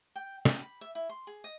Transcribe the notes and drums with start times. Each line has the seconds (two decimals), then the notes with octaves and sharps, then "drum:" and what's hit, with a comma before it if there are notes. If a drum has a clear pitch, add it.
0.16 G5
0.45 G5, drum: snare
0.62 B5
0.81 E5
0.95 E4
1.09 C6
1.27 G#4
1.44 D#5